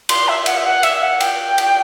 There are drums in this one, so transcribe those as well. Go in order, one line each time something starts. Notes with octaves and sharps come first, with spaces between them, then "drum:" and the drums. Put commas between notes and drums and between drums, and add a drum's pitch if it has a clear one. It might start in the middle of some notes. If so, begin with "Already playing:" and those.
C6, drum: cymbal
E5
F#5, drum: cymbal
E5
F#5
E5, drum: cymbal
F#5
G5, drum: cymbal
drum: cymbal